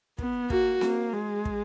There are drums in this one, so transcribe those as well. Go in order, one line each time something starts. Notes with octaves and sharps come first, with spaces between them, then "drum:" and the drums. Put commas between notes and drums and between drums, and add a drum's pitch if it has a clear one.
B3, drum: kick
A#3 F#4, drum: kick
A#3, drum: snare C4
G#3
drum: kick